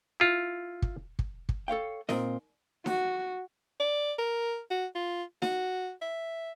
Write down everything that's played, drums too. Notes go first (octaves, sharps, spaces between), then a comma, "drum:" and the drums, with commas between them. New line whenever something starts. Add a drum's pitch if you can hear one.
E4 F4
drum: kick
drum: kick
drum: kick
A4 C#5 F5 G5
A#2 C4 A#4 D#5, drum: snare D#4
F#4, drum: snare D#4
D5
A#4
F#4
F4
F#4, drum: snare D#4
E5